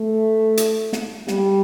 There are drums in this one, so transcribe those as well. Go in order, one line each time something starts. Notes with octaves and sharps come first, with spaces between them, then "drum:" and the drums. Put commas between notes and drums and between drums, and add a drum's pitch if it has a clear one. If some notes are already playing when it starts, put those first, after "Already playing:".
Already playing: A3
drum: hi-hat
drum: snare
G3, drum: snare